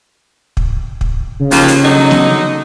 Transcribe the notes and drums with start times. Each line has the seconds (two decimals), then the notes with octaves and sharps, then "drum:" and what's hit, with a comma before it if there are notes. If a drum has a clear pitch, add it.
0.57 drum: kick
1.01 drum: kick
1.40 C#3
1.51 D#2 F3, drum: open hi-hat
1.68 drum: hi-hat
1.84 D3 F#3 D#4
2.11 drum: snare